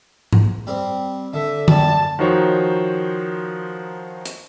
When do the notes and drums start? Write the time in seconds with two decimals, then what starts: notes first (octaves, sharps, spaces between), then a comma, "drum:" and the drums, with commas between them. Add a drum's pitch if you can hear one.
0.33 drum: tom G#2
0.67 G3 C4
1.34 D3 E5
1.68 F#2 G3 A5, drum: tom D3
2.19 D#3 F3 D#4 F#4 C5 C#5
4.26 drum: hi-hat